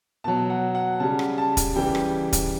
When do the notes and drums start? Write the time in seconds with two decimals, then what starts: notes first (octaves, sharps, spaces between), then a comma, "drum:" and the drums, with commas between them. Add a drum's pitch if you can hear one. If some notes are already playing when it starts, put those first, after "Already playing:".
0.24 B2 F#3 A5
0.50 F#5
0.75 F#5
1.00 C#3 G3 A5
1.19 drum: rim click
1.38 A5
1.57 drum: kick, hi-hat
1.76 C#3 E3 G3 G5
1.95 drum: rim click
2.33 drum: kick, hi-hat